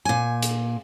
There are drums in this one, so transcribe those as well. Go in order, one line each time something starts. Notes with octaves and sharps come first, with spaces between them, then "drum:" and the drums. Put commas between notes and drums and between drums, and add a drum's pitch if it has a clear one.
A#2 G#5
drum: hi-hat